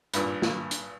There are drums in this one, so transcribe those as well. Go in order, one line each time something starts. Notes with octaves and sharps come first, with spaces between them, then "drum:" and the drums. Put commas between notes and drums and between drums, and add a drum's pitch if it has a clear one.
G#1 G2 A#2, drum: hi-hat
drum: snare
drum: hi-hat